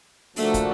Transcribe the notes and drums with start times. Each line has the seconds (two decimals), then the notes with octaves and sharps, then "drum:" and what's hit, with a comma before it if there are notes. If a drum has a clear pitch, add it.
0.36 D3 F3 A3 A#3 D4 F#4, drum: open hi-hat
0.54 drum: kick, hi-hat